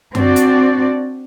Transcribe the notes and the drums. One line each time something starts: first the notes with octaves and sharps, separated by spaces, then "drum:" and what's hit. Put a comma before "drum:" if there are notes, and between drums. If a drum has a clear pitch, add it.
C4 D4 F#4 D5, drum: tom F#2
drum: hi-hat